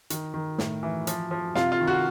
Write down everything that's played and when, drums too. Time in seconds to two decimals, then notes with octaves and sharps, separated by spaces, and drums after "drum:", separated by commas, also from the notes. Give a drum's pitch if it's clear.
0.10 D#3, drum: hi-hat
0.34 D#3
0.58 A2, drum: snare
0.83 E3
1.07 F3, drum: hi-hat
1.31 F3
1.55 C3 F4, drum: snare
1.72 F4
1.80 D#3
1.87 F#4